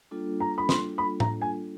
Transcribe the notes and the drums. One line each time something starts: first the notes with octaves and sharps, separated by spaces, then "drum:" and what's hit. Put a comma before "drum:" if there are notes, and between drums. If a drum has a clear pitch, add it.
G3 A#3 D4 F4 A4
A#5
B5
C6, drum: snare
B5
A#5, drum: tom A2
G#5